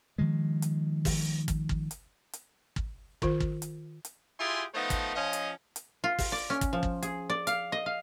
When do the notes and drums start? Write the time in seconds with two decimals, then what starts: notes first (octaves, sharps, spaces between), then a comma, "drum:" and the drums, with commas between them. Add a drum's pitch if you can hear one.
0.18 D#3 F3 G#3
0.62 drum: hi-hat
1.05 drum: kick, open hi-hat
1.48 drum: kick, hi-hat
1.69 drum: kick
1.91 drum: hi-hat
2.33 drum: hi-hat
2.76 drum: kick
3.22 D#3 F4 C5, drum: kick
3.40 drum: kick
3.62 drum: hi-hat
4.05 drum: hi-hat
4.40 E4 F4 G4 G#4 G#5 C6
4.74 F3 A3 B3 D#4 B4 C5
4.90 drum: kick, hi-hat
5.15 F3 C#4 D#5
5.33 drum: hi-hat
5.76 drum: hi-hat
6.04 F4
6.19 drum: kick, open hi-hat
6.32 D5
6.50 C#4
6.61 drum: kick, hi-hat
6.73 F3
6.83 drum: kick
7.03 G#4, drum: hi-hat
7.30 D5
7.47 F5, drum: hi-hat
7.72 D#5
7.86 F5